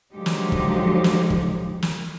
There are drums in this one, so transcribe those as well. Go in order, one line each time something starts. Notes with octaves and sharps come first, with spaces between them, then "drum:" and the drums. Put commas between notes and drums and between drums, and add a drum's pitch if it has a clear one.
D3 F3 F#3 G#3 D#4 G4
drum: snare
drum: kick
drum: snare
drum: kick
drum: snare